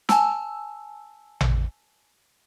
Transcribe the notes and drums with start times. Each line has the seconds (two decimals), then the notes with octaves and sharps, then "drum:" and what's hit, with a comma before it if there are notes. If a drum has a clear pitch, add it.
0.09 G#5 A5 E6, drum: snare
1.41 drum: tom A1